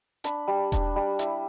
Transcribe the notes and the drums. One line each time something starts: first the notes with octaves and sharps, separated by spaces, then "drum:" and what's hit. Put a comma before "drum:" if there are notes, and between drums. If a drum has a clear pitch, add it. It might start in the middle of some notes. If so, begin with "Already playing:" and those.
D4 B5, drum: hi-hat
G3
D4, drum: kick E1, hi-hat
G3
E4, drum: hi-hat